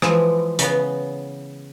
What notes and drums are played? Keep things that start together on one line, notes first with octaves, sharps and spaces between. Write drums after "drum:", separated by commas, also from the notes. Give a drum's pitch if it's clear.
E3 F3 G#3, drum: rim click
C#3 B3, drum: hi-hat